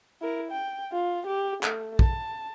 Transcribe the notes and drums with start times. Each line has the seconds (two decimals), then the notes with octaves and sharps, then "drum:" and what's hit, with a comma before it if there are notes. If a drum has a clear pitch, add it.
0.22 E4 A#4
0.51 G5
0.92 F4
1.26 G4
1.63 A3, drum: clap
1.99 A5, drum: kick